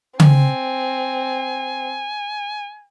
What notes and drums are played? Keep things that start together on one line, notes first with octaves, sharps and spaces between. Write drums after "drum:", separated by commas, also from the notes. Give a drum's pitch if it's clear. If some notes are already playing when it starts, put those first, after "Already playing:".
C4 G#5, drum: tom C#3